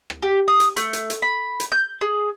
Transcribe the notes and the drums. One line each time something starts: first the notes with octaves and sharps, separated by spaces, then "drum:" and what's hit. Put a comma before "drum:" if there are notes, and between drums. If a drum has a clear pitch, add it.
drum: rim click
G4
D#6
drum: hi-hat
A3, drum: hi-hat
drum: hi-hat
drum: hi-hat
B5
drum: hi-hat
G6
G#4